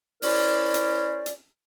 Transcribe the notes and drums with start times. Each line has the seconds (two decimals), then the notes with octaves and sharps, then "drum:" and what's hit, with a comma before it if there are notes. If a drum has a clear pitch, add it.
0.22 C#4 E4 A#4 C5 D5, drum: open hi-hat
0.74 drum: hi-hat
1.26 drum: hi-hat